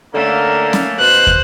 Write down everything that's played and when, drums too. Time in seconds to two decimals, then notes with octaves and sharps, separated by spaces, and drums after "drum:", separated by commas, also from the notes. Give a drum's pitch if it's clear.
0.14 D3 A3 A#3 C#4
0.73 drum: snare C#4
1.00 B2 C5 F#6
1.27 drum: kick